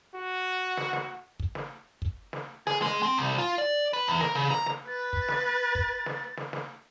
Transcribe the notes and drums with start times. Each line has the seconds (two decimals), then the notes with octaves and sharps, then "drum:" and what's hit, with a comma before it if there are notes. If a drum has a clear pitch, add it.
0.15 F#4
0.77 drum: snare
0.93 drum: snare
1.40 drum: kick
1.55 drum: snare
2.02 drum: kick
2.33 drum: snare
2.67 G#4, drum: snare
2.82 G#3, drum: snare
3.03 C4
3.18 C2
3.38 F4
3.58 D5
3.93 B4
4.08 E2
4.21 A#4, drum: snare
4.35 C#3
4.50 A#5, drum: snare
4.66 drum: snare
4.88 B4 A6
5.13 drum: kick
5.28 drum: snare
5.75 drum: kick
6.06 drum: snare
6.37 drum: snare
6.53 drum: snare